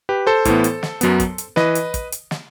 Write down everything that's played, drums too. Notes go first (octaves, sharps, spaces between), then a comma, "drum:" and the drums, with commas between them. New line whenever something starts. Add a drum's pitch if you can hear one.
G4 B4
A4 C5
A2 E3 B3, drum: kick, hi-hat
drum: hi-hat
drum: snare
F#2 F#3 B3, drum: hi-hat
drum: kick, hi-hat
drum: hi-hat
E3 B4 D#5, drum: snare
drum: hi-hat
drum: kick, hi-hat
drum: hi-hat
drum: snare